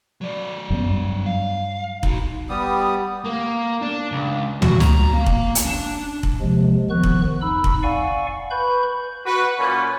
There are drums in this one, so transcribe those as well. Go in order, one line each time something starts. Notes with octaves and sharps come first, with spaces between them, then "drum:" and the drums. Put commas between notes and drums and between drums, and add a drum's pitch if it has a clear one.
F#3 D5
F#2 B3
G2
F5
D#4 F#4, drum: kick
G3 B3 G4 D#6
A#3
D4
C#2
F#4, drum: tom C#2
A#5, drum: snare
A#3
drum: kick
drum: hi-hat
D4
drum: kick
D#2 C3 F3 G#3
D#3 F3 B3 C#6 F#6
drum: kick
F2 D#4 B5 E6
drum: kick
D5 F5 F#5 G#5 C#6
B4 B5 C#6 G6
F#4 B4
A#2 C#4 B5